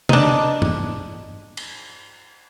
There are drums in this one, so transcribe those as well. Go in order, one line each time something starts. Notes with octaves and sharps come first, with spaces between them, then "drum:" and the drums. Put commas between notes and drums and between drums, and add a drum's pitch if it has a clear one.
D4 D#4, drum: tom
drum: tom
drum: cymbal